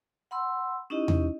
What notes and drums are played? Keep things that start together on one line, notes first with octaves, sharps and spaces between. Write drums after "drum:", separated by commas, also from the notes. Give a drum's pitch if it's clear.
F#5 B5 C6 E6
C#4 D#4 E4 G4 D#5
drum: tom E2